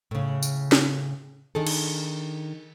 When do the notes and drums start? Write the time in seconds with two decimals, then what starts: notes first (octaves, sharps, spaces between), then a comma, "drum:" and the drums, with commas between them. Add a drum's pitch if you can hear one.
0.11 A2 C#3
0.43 drum: tambourine
0.72 drum: snare
1.55 D#3 D4 G#4 A4
1.67 drum: cymbal